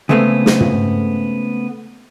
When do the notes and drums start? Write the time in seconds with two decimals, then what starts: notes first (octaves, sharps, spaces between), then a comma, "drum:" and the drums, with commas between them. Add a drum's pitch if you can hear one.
0.09 C#3 G#3 A3 B3 C4
0.46 drum: snare
0.60 drum: tom